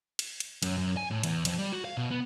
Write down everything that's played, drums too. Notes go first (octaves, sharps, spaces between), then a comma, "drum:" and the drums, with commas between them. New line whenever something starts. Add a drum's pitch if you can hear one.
drum: cymbal
drum: cymbal
F#2, drum: cymbal
F#2
G#5
A2
E2, drum: cymbal
F2, drum: cymbal
G3
F#4
F5
B2
B3